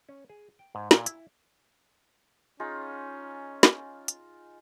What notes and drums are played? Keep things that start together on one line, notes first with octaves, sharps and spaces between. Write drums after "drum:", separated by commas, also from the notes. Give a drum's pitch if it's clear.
C#4
G#4
G5
G#2
A#2, drum: snare
E4, drum: hi-hat
C#4 D#4 F4 G#4
drum: snare
drum: hi-hat